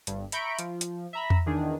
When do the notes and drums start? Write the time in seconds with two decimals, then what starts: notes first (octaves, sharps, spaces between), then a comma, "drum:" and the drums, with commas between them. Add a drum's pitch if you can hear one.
0.07 G1 G2, drum: hi-hat
0.32 E5 A#5 B5 C#6 G6 D7, drum: hi-hat
0.59 F3, drum: hi-hat
0.81 drum: hi-hat
1.13 E5 A#5 B5
1.30 drum: tom E2
1.46 E2 D#3 D4 G#4